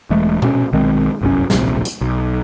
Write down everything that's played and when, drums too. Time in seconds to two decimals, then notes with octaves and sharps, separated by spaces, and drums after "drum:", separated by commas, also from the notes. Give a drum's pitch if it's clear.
0.10 E1 E3 G#3 A3
0.42 B2 C#4, drum: tom A#2
0.73 B1 D#3 G#3 C4
1.21 G1 C2 F#2 C#4
1.50 D1 A#1 C3, drum: snare
1.85 drum: hi-hat
2.01 B1